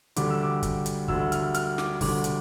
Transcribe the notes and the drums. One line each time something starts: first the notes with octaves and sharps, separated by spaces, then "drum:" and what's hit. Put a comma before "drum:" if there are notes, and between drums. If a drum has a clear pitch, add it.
D2 D3 G3 D6, drum: hi-hat
E6
D6
drum: kick, hi-hat
drum: hi-hat
D2 D3 G3 E6, drum: kick
F6, drum: hi-hat
F6, drum: hi-hat
D6, drum: snare
D2 D3 G3 D6, drum: kick, open hi-hat
drum: hi-hat